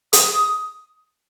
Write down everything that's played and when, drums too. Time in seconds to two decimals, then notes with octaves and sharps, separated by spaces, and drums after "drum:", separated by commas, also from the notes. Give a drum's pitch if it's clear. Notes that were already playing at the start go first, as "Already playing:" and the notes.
0.13 D#6, drum: hi-hat